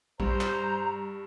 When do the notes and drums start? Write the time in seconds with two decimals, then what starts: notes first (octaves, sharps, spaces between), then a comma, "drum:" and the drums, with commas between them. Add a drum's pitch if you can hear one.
0.20 G2 C5 A#5, drum: kick A#1
0.41 drum: clap